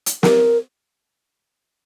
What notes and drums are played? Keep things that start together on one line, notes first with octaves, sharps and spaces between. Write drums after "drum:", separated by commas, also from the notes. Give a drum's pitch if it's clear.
drum: hi-hat
A#4, drum: snare